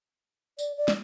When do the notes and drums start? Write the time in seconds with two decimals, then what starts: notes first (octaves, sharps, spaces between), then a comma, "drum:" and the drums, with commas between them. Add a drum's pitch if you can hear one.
0.59 D5, drum: tambourine
0.77 D5
0.88 drum: snare